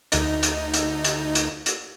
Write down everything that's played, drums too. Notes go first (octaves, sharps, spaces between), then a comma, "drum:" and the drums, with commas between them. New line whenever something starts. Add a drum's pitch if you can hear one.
D2 D#4, drum: hi-hat
drum: hi-hat
drum: hi-hat
drum: hi-hat
drum: hi-hat
drum: hi-hat